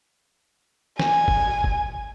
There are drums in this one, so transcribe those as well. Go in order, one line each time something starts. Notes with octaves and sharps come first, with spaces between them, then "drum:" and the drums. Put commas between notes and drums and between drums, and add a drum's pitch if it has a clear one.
G#5, drum: snare
drum: kick F#1
drum: kick F#1